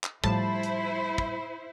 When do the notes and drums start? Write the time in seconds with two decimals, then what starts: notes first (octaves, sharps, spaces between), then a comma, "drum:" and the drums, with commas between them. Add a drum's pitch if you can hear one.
0.04 drum: clap
0.24 A2 F3 G3 E4 C5 A5 B5, drum: kick
0.63 drum: hi-hat
1.18 drum: kick